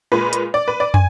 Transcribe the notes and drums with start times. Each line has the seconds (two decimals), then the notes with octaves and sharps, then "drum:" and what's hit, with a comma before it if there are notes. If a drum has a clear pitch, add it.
0.12 A#2 G#3 B4
0.33 drum: hi-hat
0.54 D5
0.68 B4
0.80 D5
0.94 G#5, drum: tom